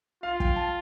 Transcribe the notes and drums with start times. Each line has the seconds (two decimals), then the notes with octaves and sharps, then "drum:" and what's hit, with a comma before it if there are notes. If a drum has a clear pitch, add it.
0.23 F4 F5
0.40 G5, drum: kick
0.56 A5